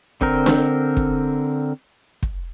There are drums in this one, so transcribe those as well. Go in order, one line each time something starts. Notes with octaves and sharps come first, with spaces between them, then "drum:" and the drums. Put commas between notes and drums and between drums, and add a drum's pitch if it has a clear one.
D3 C4 A#4, drum: kick
drum: snare D4
drum: kick
drum: kick